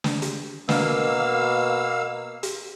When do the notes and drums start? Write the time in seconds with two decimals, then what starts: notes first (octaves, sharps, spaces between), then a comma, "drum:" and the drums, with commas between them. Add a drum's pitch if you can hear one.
0.04 drum: snare
0.22 drum: hi-hat
0.69 B2 A#3 F5 E6, drum: snare
2.43 drum: hi-hat